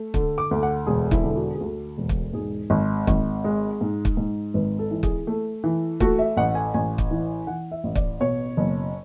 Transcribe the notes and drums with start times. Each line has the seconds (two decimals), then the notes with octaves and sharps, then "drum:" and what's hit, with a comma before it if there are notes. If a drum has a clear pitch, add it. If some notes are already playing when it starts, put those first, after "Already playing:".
Already playing: A3
0.14 D3, drum: kick
0.38 D6
0.51 D2
0.63 F#5
0.87 E1 G#4
1.11 E4, drum: kick
1.24 D3
1.36 F#4
1.55 G#4
1.60 D2 F#4
1.98 E1
2.09 drum: kick
2.33 G#2 G#4
2.70 G#1
3.07 G#1, drum: kick
3.44 G#3
3.81 G#2
4.05 drum: kick
4.17 G#2
4.54 G#1 B4
4.79 A4
4.91 E3
5.03 G#4, drum: kick
5.27 A3
5.64 E3
6.00 A3 F#4, drum: kick
6.19 E5
6.37 A1 F#5
6.55 G#5
6.74 A1 G#5
6.98 drum: kick
7.11 E3
7.47 E3 F#5
7.71 E5
7.84 A1
7.95 D5, drum: kick
8.20 B2 C#5
8.57 F#1